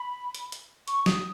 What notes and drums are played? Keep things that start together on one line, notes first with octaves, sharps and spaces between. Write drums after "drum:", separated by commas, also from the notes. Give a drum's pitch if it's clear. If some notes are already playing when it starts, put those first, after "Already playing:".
Already playing: B5
drum: hi-hat
drum: hi-hat
C#6, drum: hi-hat
D#6, drum: snare